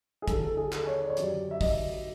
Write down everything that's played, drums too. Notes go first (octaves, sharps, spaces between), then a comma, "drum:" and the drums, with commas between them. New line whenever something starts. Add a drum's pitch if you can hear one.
G#4
D#2 D3 G3 A4, drum: kick, hi-hat
A4
G#4
A4, drum: clap
C#5
D5
C#5
F#2 D3 G3 D5, drum: hi-hat
E5
D#5, drum: kick, open hi-hat